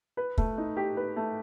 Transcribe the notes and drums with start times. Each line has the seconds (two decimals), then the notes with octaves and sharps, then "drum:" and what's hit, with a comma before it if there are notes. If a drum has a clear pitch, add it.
0.17 B4
0.38 A3, drum: kick
0.58 D#4
0.76 G4
0.97 B4
1.16 A3